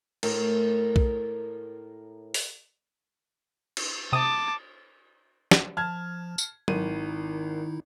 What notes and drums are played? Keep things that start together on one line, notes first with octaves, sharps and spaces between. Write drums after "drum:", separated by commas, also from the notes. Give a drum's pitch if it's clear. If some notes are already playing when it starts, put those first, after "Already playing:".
A2 A#4, drum: cymbal
drum: kick B1
drum: open hi-hat
drum: cymbal
C3 A5 D6 D#6
drum: snare
F3 A5 F6 G#6
drum: tambourine
G#1 D#3 D#4 E4 D#7, drum: tom F#3